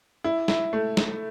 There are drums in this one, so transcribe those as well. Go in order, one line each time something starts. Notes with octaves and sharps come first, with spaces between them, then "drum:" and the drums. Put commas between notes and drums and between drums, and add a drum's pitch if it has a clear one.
E4
E4, drum: snare
A3
drum: snare